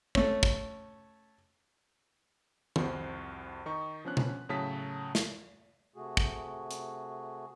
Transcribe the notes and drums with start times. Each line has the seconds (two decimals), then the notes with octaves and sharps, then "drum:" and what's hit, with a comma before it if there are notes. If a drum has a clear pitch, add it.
0.15 A3 C#4, drum: kick
0.43 drum: kick
2.76 C2 F2 F#4 C5 C#7, drum: tom D#3
3.66 D#3 D#4 C#6
4.05 F3 B3 C#4 D4 F#6
4.17 drum: tom B2
4.49 A2 C#3 F#3 A5 D#6 B6
5.15 drum: snare
5.96 C3 A3 F#4 G#4
6.17 drum: kick
6.71 drum: hi-hat